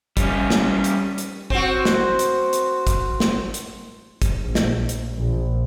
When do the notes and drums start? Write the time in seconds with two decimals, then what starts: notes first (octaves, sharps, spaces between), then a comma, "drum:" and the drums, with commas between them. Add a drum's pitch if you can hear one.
0.17 G3 C#4, drum: kick, hi-hat
0.50 drum: snare
0.84 drum: hi-hat
1.18 drum: hi-hat
1.50 C4 F#4, drum: kick
1.85 drum: snare
2.19 drum: hi-hat
2.53 drum: hi-hat
2.87 drum: kick, hi-hat
3.20 drum: snare
3.54 drum: hi-hat
4.22 drum: kick, hi-hat
4.40 A#1
4.55 drum: snare
4.89 drum: hi-hat
5.16 A#1